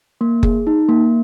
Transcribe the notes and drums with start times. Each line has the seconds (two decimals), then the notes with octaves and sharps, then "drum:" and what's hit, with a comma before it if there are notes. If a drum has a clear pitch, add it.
0.21 A#3
0.43 G#4, drum: kick F#1
0.67 D#4
0.89 A#3